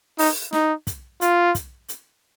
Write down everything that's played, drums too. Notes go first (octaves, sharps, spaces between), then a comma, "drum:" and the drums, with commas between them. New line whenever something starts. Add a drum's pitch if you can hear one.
D#4, drum: open hi-hat
D#4, drum: snare
drum: kick, hi-hat
F4, drum: hi-hat
drum: kick, hi-hat
drum: hi-hat